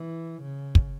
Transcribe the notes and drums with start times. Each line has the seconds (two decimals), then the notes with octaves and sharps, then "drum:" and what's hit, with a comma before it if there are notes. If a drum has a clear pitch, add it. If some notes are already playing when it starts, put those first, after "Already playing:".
Already playing: E3
0.43 C#3
0.75 drum: kick